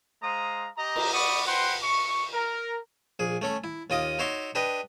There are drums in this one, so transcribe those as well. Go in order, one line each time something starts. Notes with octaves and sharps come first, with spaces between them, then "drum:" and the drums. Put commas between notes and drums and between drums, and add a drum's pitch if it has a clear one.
G#3 C5 F5 A#5 D#6
G4 D#5 A#5
drum: cymbal
D5 F#5 B5 C#6 D#6
B4 C5 F#5 G5 C6
C#6
A#4
A#1 G#4
A3 C#4 A4
E4
D#2 F4 D#5 D6 D#6
D#4 F#4 C#5 E5 C6 D6
D4 G4 B4 D#5